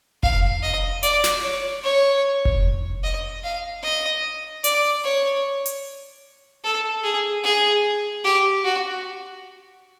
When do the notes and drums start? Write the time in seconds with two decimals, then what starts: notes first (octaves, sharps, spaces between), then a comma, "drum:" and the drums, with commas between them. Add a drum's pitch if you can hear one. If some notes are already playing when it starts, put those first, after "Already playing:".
0.23 F5, drum: kick F1
0.63 D#5
1.03 D5, drum: hi-hat
1.24 drum: snare
1.43 C#5
1.83 C#5
2.45 drum: kick F1
3.04 D#5
3.44 F5
3.83 D#5
4.64 D5, drum: hi-hat
5.04 C#5
5.66 drum: hi-hat
6.64 A4
7.04 G#4
7.44 G#4
8.25 G4
8.65 F#4